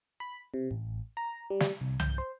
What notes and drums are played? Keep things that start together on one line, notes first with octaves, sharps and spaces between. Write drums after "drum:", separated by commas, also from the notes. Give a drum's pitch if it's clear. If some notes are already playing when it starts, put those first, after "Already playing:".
B5
C3
A1
A#5
G3
drum: snare
C2
G6, drum: tom C2
C5